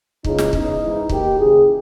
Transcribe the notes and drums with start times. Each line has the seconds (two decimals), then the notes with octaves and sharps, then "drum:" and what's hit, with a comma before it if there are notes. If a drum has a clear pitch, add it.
0.24 C#2 C#3 E3 D#4, drum: kick
0.38 drum: snare
0.53 E2 C#3 E3 D#4, drum: kick
0.82 G#2 E3
1.09 D#2 D#3 G4, drum: kick
1.38 D#2 C#3 E3 G#4